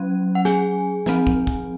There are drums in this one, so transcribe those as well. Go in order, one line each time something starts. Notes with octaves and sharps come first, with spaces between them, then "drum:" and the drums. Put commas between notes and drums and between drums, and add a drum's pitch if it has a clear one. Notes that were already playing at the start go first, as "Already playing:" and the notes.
Already playing: F#3 C#4
F#5
G#4 G#5, drum: snare
F3 C4, drum: snare
drum: kick
drum: kick